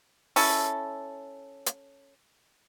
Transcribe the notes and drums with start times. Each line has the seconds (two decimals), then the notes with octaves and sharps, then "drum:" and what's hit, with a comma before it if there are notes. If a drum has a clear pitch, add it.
0.36 C#4 E4 A4, drum: open hi-hat
1.66 drum: hi-hat